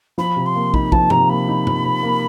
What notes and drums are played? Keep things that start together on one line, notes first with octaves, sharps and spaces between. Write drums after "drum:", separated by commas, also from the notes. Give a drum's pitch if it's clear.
F3 B5
C3
C6
A#3
D#4 B5, drum: kick
F3 A5, drum: kick
C3 A#5, drum: tom G2
A#3 B5
D#4
F3, drum: tom G2
C3
A#3